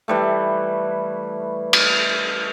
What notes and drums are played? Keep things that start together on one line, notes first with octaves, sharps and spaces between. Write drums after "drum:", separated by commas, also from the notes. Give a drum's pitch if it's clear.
E3 G3 A3
drum: cymbal